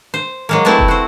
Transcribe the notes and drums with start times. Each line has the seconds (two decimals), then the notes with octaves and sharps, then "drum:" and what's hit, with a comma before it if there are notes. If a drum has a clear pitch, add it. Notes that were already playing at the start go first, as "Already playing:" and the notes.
0.14 C5
0.49 F#3 G#3 A#3
0.65 A3 C4 E4 B4 E5 A5
0.79 drum: kick F1
0.88 F#4 C5